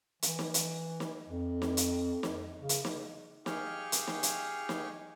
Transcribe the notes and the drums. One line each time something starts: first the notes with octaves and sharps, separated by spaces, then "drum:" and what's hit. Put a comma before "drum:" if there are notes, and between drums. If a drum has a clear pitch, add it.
E3, drum: hi-hat
drum: snare
drum: hi-hat
drum: snare
F2
drum: snare
drum: hi-hat
drum: snare
C#3
drum: hi-hat
drum: snare
G4 G#4 F5 G5 C#6 F6, drum: snare
drum: hi-hat
drum: snare
drum: hi-hat
drum: snare